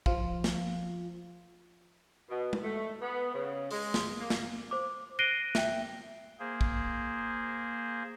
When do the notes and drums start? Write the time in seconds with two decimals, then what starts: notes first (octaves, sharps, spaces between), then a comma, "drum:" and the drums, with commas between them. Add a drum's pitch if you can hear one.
0.06 F3 F4, drum: kick
0.44 drum: snare
2.29 B2
2.53 drum: tom
2.63 A3
3.01 B3
3.34 C#3
3.71 G#3, drum: open hi-hat
3.94 drum: snare
4.19 A#3
4.30 drum: snare
4.71 C5 D6
5.19 F#6 A#6 C7 D7 D#7 G7
5.55 E5 G5, drum: snare
6.39 A#3 G#4 C5
6.61 drum: kick